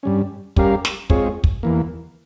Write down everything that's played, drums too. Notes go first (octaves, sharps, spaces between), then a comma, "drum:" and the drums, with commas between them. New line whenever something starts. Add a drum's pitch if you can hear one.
G2 G3 C#4
G3 C#4 G4 A#4 F5, drum: kick
drum: snare
G#3 C4 F4 G#4 C#5, drum: kick
drum: kick
E2 E3 A#3